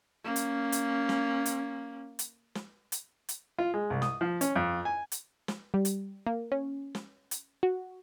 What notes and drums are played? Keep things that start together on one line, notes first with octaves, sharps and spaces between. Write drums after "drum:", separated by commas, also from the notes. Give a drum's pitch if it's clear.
A#3 C#4
drum: hi-hat
drum: hi-hat
drum: snare
drum: hi-hat
drum: hi-hat
drum: snare
drum: hi-hat
drum: hi-hat
F4
G#3
C2
D#6, drum: snare
F3
C#4, drum: hi-hat
F2
G#5
drum: hi-hat
drum: snare
G3
drum: hi-hat
A#3
C#4
drum: snare
drum: hi-hat
F#4